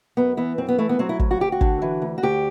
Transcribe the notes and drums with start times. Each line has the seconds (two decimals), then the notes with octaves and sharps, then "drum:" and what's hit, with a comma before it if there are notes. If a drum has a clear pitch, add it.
0.17 F#2 B3
0.37 E3 B3
0.58 F#2 C4
0.69 B3
0.78 E3 A3
0.89 B3
0.99 F#3 C4
1.09 E4
1.19 D2, drum: kick
1.31 F#4
1.40 D2 G4
1.52 F#4
1.61 D3, drum: kick
1.82 E3
2.02 D2
2.18 F#4
2.23 D2 G4